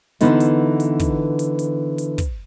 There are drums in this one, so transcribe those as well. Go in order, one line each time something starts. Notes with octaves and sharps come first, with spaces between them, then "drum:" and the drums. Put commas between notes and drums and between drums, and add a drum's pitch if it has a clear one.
D3 E3 B3 D#4 F4, drum: hi-hat
drum: hi-hat
drum: hi-hat
drum: kick, hi-hat
drum: hi-hat
drum: hi-hat
drum: hi-hat
drum: kick, hi-hat